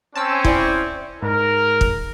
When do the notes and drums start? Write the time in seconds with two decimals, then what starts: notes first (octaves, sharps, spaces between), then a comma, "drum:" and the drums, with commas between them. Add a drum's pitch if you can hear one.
0.15 C4 C#4 A5 E6
0.45 E4 C5 D5, drum: kick
1.23 G#2 A#4
1.81 drum: kick